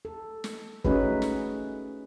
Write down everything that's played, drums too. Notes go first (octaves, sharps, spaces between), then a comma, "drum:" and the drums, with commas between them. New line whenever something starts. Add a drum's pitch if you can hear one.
A4
drum: snare
A3 C#4 D#4 F#4 G#4 B4, drum: kick
drum: snare